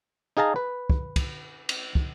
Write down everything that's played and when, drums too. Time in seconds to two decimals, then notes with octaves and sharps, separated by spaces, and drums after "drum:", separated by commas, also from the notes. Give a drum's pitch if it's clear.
0.37 D#4 G#4 F5 A5 A#5
0.56 B4
0.90 drum: kick
1.16 drum: kick, cymbal
1.69 drum: cymbal
1.95 drum: kick